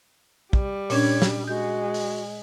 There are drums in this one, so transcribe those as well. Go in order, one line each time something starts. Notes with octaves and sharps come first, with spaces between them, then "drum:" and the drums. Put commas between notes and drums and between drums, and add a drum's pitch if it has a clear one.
G3, drum: kick
A#2 C#4 D4 C#5, drum: open hi-hat
drum: snare
G#3 F#4 G6
drum: open hi-hat